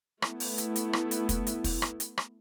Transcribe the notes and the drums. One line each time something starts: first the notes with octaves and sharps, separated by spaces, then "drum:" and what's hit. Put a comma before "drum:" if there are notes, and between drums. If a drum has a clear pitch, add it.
A3 B3 E4, drum: rim click
drum: open hi-hat
drum: hi-hat
drum: hi-hat
drum: rim click
drum: hi-hat
drum: kick, hi-hat
drum: hi-hat
drum: kick, open hi-hat
drum: rim click
drum: hi-hat
drum: rim click